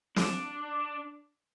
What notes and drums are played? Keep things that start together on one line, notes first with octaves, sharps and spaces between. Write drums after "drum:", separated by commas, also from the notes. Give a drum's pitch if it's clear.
D4, drum: snare